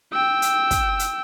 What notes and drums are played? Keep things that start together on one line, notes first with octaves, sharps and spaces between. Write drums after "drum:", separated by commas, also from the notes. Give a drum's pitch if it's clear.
G5 E6
drum: hi-hat
drum: kick, hi-hat
drum: hi-hat